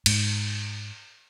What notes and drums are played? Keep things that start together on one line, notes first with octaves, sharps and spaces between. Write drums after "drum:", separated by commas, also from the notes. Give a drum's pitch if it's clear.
G#2, drum: cymbal